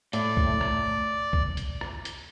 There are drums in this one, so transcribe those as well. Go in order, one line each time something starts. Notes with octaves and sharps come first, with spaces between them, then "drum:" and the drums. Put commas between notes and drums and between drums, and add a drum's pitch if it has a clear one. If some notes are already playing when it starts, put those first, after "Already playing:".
A2 D5, drum: hi-hat
drum: kick B1
drum: rim click
drum: kick B1
drum: hi-hat
drum: rim click
drum: hi-hat